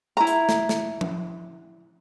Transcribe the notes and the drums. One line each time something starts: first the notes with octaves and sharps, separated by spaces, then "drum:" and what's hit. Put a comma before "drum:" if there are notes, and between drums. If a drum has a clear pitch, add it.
E4 A#5
drum: hi-hat
drum: snare
drum: snare
drum: tom F3